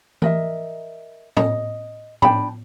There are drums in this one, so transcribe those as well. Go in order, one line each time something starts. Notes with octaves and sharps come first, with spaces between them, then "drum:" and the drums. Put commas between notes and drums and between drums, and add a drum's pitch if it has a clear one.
A#4 D#5 E5, drum: tom E3
D#5, drum: tom
D4 G5 A5 B5, drum: tom